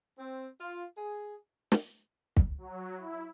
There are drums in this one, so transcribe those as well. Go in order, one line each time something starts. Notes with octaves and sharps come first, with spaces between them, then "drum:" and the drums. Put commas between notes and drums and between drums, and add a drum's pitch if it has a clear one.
C4
F4
G#4
drum: snare
drum: kick
F#3
E4